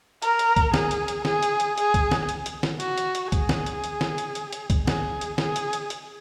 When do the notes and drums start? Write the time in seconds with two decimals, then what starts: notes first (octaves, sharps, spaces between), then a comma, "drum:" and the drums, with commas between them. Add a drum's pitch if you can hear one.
0.22 A#4, drum: hi-hat
0.39 drum: hi-hat
0.56 drum: kick, hi-hat
0.74 G#4, drum: snare
0.91 drum: hi-hat
1.08 drum: hi-hat
1.25 G#4, drum: snare
1.43 drum: hi-hat
1.60 drum: hi-hat
1.78 G#4, drum: hi-hat
1.94 drum: kick, hi-hat
2.11 drum: snare
2.29 drum: hi-hat
2.46 drum: hi-hat
2.63 drum: snare
2.80 F#4, drum: hi-hat
2.98 drum: hi-hat
3.15 drum: hi-hat
3.32 G#4, drum: kick, hi-hat
3.49 drum: snare
3.66 drum: hi-hat
3.84 drum: hi-hat
4.01 drum: snare
4.18 drum: hi-hat
4.35 drum: hi-hat
4.53 drum: hi-hat
4.70 drum: kick, hi-hat
4.87 G#4, drum: snare
5.21 drum: hi-hat
5.38 G#4, drum: snare
5.56 drum: hi-hat
5.73 drum: hi-hat
5.90 drum: hi-hat